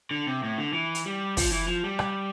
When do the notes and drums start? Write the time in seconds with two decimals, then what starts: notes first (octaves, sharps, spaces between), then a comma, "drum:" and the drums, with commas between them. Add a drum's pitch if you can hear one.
0.11 D3
0.27 C3
0.43 A2
0.58 D3
0.73 E3
0.95 drum: hi-hat
1.06 G3
1.37 F3, drum: kick, open hi-hat
1.52 E3
1.68 F3
1.84 G3
1.99 drum: rim click